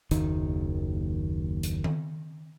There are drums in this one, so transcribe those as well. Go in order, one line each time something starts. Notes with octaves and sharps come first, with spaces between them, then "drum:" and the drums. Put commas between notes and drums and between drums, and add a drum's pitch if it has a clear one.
F#1 D#2 D#3, drum: hi-hat
drum: hi-hat
drum: tom D#3